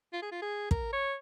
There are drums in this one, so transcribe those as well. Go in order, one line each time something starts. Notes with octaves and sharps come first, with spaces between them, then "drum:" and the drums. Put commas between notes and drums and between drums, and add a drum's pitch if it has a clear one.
F4
G#4
F4
G#4
A#4, drum: kick
C#5